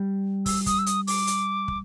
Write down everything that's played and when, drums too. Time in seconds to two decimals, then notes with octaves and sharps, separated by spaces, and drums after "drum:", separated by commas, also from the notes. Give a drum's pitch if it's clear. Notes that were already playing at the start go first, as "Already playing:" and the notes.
Already playing: G3
0.46 E6, drum: kick, open hi-hat
0.66 D#6, drum: kick, hi-hat
0.79 E6
0.86 D#6, drum: hi-hat
1.07 D6, drum: open hi-hat
1.27 drum: hi-hat
1.68 drum: kick